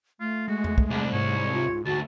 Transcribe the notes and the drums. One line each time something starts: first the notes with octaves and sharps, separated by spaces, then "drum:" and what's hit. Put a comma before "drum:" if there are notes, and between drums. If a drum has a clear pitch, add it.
A3 F4
G#3 F#4
drum: tom E2
drum: kick
C2 D4
G#2 C#5
F4
D2 F#4 A5